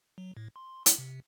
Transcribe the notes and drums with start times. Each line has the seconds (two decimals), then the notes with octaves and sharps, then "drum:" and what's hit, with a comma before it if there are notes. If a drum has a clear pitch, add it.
0.18 F#3
0.37 A2
0.56 C6
0.86 E4, drum: hi-hat
0.98 C3